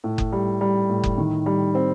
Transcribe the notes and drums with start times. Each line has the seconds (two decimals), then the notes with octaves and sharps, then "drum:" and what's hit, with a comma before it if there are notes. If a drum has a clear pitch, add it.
0.04 A2
0.18 drum: kick F#1
0.32 G3
0.61 G3
0.89 A2
1.04 drum: kick F#1
1.18 D#3
1.46 G3
1.75 C4